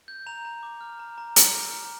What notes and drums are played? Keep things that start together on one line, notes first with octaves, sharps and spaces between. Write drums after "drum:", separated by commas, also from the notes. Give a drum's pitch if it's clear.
G6
A#5 F7
A#5
D6
F6
A#5
A#5
D6, drum: hi-hat
F6
A#5